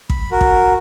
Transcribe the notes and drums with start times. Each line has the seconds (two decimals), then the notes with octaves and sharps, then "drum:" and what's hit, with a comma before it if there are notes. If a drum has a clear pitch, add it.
0.10 B5, drum: kick
0.31 F#4 A#4
0.41 drum: kick